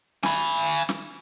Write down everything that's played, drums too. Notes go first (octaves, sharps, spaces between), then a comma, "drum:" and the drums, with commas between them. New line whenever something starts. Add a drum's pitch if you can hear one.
G#5 B5, drum: snare
drum: snare